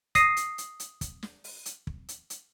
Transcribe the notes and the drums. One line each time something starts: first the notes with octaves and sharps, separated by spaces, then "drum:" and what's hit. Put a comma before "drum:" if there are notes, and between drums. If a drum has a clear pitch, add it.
D#6 A#6 C7 D#7, drum: kick, hi-hat
drum: hi-hat
drum: hi-hat
drum: hi-hat
drum: kick, hi-hat
drum: snare
drum: open hi-hat
drum: hi-hat
drum: kick
drum: hi-hat
drum: hi-hat